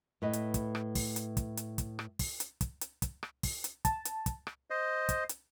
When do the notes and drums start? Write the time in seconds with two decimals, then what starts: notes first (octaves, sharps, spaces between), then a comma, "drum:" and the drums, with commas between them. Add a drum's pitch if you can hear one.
0.22 A2 B4 D#5
0.33 drum: hi-hat
0.54 drum: kick, hi-hat
0.75 drum: rim click
0.95 drum: kick, open hi-hat
1.16 drum: hi-hat
1.37 drum: kick, hi-hat
1.57 drum: hi-hat
1.78 drum: kick, hi-hat
1.99 drum: rim click
2.19 drum: kick, open hi-hat
2.40 drum: hi-hat
2.61 drum: kick, hi-hat
2.81 drum: hi-hat
3.02 drum: kick, hi-hat
3.23 drum: rim click
3.43 drum: kick, open hi-hat
3.64 drum: hi-hat
3.85 A5, drum: kick, hi-hat
4.05 drum: hi-hat
4.26 drum: kick, hi-hat
4.47 drum: rim click
4.70 C5 D#5
5.09 drum: kick, hi-hat
5.29 drum: hi-hat